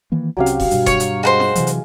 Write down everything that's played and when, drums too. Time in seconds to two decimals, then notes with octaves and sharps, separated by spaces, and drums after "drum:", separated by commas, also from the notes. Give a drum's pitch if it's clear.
0.12 D#3 E3 A#3
0.37 C2 C3 F#3 C#4 G4 F5
0.46 drum: hi-hat
0.60 drum: kick E1, open hi-hat
0.71 G2 B2, drum: hi-hat
0.86 C#5, drum: kick E1, hi-hat
1.00 drum: hi-hat
1.23 G#3 F#4 B4 C5
1.40 drum: snare
1.55 C3 E3 F#3, drum: hi-hat
1.67 drum: hi-hat